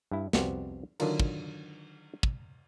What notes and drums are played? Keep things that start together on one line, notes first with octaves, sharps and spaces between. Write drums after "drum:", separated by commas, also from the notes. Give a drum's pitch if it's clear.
G2 E4
C2 F2 B3 F#4 G4 C5, drum: snare
D3 D#3 F#3 D4 F4 A#4, drum: cymbal
drum: kick
drum: kick